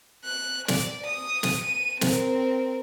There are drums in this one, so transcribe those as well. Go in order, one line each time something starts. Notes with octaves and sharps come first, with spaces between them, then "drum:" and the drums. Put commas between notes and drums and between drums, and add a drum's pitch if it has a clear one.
F#6
D5, drum: snare
D#6
drum: snare
D#7
C4 A#4, drum: snare